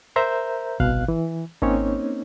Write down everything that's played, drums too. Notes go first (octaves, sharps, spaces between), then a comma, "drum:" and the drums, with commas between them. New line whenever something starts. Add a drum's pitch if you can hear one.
A#4 C5 E5 A#5 G6
C2 B2 F5 F#6, drum: kick G#1
E3
A#3 C4 C#4 D#4 C#5, drum: kick G#1